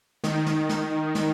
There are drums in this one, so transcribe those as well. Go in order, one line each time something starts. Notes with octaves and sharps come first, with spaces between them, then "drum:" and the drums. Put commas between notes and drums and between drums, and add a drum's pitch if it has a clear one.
D#3, drum: snare
drum: snare
drum: snare
drum: snare